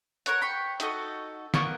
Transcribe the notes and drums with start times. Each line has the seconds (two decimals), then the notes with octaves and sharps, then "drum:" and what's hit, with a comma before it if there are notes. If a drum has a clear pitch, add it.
0.26 A#4 B4 C#5 F#5, drum: hi-hat
0.41 G5 B5 C#6
0.80 D#4 F#4 A4 D#5, drum: hi-hat
1.54 A#3 B3 A#4 C#6, drum: snare